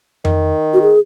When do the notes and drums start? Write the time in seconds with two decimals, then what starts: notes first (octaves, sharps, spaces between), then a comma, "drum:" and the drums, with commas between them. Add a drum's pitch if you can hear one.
0.25 D#3, drum: tom F2
0.74 F#4
0.82 G#4